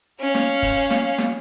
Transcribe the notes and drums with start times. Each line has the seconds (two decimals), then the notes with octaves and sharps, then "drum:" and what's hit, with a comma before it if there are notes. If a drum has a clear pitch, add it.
0.21 C#4 F5
0.35 drum: snare
0.63 drum: kick, open hi-hat
0.90 drum: snare
1.18 drum: snare